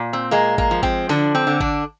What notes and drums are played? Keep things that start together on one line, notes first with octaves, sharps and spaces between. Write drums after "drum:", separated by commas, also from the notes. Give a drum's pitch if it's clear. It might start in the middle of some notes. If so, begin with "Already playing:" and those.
Already playing: A#2
C4
G#3 A#3
A#3, drum: kick G#1
F3
C4, drum: kick G#1
D3 D4, drum: snare
C4
D3
D4, drum: kick G#1